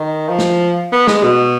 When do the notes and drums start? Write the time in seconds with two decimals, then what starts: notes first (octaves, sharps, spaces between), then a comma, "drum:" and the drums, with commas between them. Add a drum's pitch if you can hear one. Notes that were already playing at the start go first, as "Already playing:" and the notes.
Already playing: D#3
0.29 F3
0.39 drum: snare
0.92 B3
1.07 G#3, drum: snare
1.23 B2